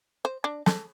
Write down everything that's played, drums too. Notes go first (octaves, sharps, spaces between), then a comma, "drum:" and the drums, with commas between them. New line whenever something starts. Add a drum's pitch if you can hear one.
C5
D4
A4, drum: snare